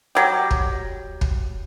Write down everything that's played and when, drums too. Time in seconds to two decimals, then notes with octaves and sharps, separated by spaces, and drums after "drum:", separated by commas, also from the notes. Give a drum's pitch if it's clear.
0.15 F#3 G4
0.51 drum: kick
1.21 drum: kick